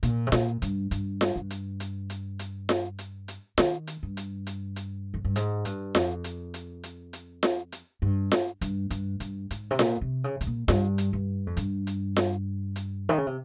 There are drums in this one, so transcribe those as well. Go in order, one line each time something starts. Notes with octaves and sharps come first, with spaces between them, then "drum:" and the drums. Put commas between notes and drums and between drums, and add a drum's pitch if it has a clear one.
A#2, drum: hi-hat
C3
A#2, drum: snare F4
G2, drum: hi-hat
G2, drum: hi-hat
drum: snare F4
G2
drum: hi-hat
drum: hi-hat
drum: hi-hat
drum: hi-hat
drum: snare F4
drum: hi-hat
drum: hi-hat
D#3, drum: snare F4
drum: hi-hat
G2
drum: hi-hat
drum: hi-hat
drum: hi-hat
F2
G2
G#2, drum: hi-hat
G2, drum: hi-hat
F2, drum: snare F4
drum: hi-hat
drum: hi-hat
drum: hi-hat
drum: hi-hat
drum: snare F4
drum: hi-hat
G2
drum: snare F4
G2, drum: hi-hat
G2, drum: hi-hat
G2, drum: hi-hat
G#2, drum: hi-hat
C3
A#2, drum: snare F4
C3
C#3
C3, drum: hi-hat
A#2
G2, drum: snare F4
drum: hi-hat
G2
F2
G2, drum: hi-hat
drum: hi-hat
drum: snare F4
drum: hi-hat
D#3
C#3
C3